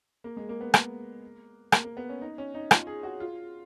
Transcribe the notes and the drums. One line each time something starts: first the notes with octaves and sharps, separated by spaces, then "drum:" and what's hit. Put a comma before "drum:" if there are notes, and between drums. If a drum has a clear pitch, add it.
A#3
G#3
A#3
B3
A#3, drum: rim click
A#3, drum: rim click
A#3
B3
C#4
D#4
C#4
D#4
F4, drum: rim click
G#4
F#4
F4